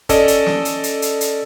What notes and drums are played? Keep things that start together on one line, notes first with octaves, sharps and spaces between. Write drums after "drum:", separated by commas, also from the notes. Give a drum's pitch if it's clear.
C#4 A4 D5 D#5, drum: kick, hi-hat
drum: hi-hat
drum: snare
drum: hi-hat
drum: hi-hat
drum: hi-hat
drum: hi-hat